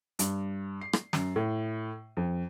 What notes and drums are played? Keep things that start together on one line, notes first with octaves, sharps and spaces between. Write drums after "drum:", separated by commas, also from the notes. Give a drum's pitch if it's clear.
G2, drum: hi-hat
C7
drum: rim click
F#2, drum: snare
A2
F2